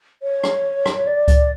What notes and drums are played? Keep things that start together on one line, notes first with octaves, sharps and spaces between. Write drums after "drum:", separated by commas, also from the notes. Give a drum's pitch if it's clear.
C#5
drum: rim click
drum: rim click
D5
drum: kick C#2, hi-hat